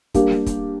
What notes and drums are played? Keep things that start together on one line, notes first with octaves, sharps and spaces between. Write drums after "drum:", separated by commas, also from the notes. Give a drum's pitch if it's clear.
G3 A#3 D4 G4 A#4, drum: kick, hi-hat
drum: snare B3
drum: kick, hi-hat